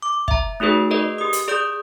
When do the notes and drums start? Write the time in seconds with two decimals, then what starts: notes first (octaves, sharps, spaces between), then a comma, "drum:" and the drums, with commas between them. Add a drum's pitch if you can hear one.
0.02 D6
0.28 E5 A#5, drum: kick
0.60 A3 D#4 F#4 G#4 B4
0.91 G#4 A#4 B4 D5 D#5
1.18 G4 D#6
1.33 drum: hi-hat
1.48 G#4 D5 D#6 G6